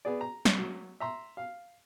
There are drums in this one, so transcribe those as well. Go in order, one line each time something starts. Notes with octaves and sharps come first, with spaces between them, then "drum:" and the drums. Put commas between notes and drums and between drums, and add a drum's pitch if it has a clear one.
B3 G#4 D5
A#5
drum: snare
F#3
E5 A#5 C6
F5